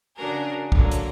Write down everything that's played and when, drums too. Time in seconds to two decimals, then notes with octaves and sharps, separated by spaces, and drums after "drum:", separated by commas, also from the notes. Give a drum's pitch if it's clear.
0.15 C#3 D4 F#4 G#4 A#4
0.72 D3 F#3 A#3, drum: kick
0.91 drum: hi-hat